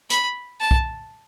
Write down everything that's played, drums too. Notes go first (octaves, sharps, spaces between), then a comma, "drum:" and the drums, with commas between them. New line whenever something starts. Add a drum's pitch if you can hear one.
B5, drum: hi-hat
A5
drum: kick B1